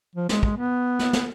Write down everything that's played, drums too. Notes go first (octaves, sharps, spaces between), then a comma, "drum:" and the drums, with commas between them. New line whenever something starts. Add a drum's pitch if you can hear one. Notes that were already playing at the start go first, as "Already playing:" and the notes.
F3
G#3, drum: snare
G#3, drum: kick
B3
drum: snare
drum: snare